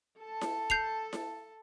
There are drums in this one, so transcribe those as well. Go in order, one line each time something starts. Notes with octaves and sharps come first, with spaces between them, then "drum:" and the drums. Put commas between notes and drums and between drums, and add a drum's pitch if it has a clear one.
A4 A5
drum: snare E4
G6 C7 F7, drum: kick
drum: snare E4